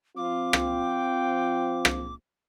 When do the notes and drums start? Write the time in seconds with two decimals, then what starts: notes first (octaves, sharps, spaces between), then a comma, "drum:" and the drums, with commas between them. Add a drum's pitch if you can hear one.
0.17 F3 C4 F4 D6
0.53 G5, drum: rim click
1.85 drum: rim click